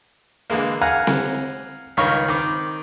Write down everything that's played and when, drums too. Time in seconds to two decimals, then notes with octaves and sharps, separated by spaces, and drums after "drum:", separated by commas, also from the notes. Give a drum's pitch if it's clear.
0.50 D3 E3 G#3 A#3
0.82 F5 F#5 G#5 A#5
1.07 drum: snare C4
1.97 C#2 G2 D#3 C#5 F5
2.28 D#3 C4 D6